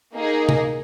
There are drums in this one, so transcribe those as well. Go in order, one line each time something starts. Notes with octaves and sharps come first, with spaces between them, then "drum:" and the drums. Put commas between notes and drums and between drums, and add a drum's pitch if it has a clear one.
A#3 D#4 G#4
drum: tom C3